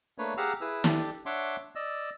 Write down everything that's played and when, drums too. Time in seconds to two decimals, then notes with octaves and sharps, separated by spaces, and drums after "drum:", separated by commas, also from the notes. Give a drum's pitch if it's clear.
0.18 A3 A#3 D4 B4 C#5
0.37 G4 G#4 F5 F#5 A#5 E6
0.61 E4 G#4 B4 E6
0.84 D4 G4 A4, drum: snare
1.26 D4 C#5 E5 F#5 C6 D6
1.75 D5 D#5 E6